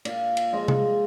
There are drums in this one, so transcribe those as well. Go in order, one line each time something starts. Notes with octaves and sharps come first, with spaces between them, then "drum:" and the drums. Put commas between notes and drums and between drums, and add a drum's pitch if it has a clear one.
A#2 D5 F5, drum: cymbal
drum: cymbal
F3 G#3 C5 D#5
drum: tom C3